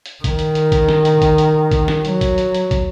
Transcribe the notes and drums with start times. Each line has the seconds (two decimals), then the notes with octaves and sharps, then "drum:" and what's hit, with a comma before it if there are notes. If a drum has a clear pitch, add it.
0.06 drum: hi-hat
0.24 D#3, drum: kick, hi-hat
0.39 drum: hi-hat
0.55 drum: hi-hat
0.72 drum: kick, hi-hat
0.89 drum: snare
1.05 drum: hi-hat
1.22 drum: kick, hi-hat
1.38 drum: hi-hat
1.72 drum: kick, hi-hat
1.88 drum: snare
2.05 F#3, drum: hi-hat
2.21 drum: kick, hi-hat
2.38 drum: hi-hat
2.54 drum: hi-hat
2.71 drum: kick, hi-hat